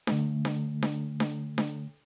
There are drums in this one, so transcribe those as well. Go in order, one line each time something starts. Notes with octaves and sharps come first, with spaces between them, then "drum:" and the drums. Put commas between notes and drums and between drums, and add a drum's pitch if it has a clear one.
D3 A3, drum: snare D4
drum: snare D4
drum: snare D4
drum: snare D4
drum: snare D4